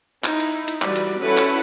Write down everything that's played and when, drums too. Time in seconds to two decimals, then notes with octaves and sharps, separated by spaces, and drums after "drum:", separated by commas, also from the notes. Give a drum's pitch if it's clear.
0.24 D#4 E4, drum: clap
0.40 drum: hi-hat
0.68 drum: hi-hat
0.82 E3 G3 F#4 B4 D5, drum: clap
0.96 drum: hi-hat
1.20 C#4 E4 A4 B4 C#5 F#5
1.37 drum: clap